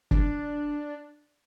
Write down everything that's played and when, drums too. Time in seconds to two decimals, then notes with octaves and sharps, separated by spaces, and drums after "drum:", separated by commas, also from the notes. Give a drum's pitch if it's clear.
0.11 D4, drum: kick